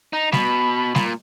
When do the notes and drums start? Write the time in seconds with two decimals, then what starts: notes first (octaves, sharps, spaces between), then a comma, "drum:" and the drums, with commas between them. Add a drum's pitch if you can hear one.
0.13 D#4 A#5
0.32 B2 B5, drum: snare G3
0.95 A#2, drum: snare G3